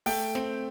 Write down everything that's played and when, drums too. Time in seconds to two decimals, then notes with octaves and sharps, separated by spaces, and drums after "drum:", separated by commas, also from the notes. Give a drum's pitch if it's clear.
0.06 A3 G5, drum: open hi-hat
0.35 C4, drum: snare